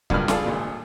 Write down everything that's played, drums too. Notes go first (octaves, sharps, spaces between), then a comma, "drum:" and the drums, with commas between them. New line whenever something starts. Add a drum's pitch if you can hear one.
C#2 G2 F#3 A#3 B5 F6, drum: kick C#1
F4 G#4 A4 D5 F5 A5, drum: snare
G#1 A#2